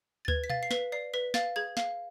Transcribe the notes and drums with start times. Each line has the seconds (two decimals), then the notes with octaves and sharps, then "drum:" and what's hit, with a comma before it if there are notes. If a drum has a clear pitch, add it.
0.25 A6
0.28 B4 G#6, drum: kick D2
0.44 B6
0.50 F5 A6, drum: tom B2
0.63 C7
0.71 B4 B6, drum: snare
0.92 D5 C7
1.14 B4 B6
1.34 F5 A6, drum: snare
1.56 G#4 G#6
1.77 F5, drum: snare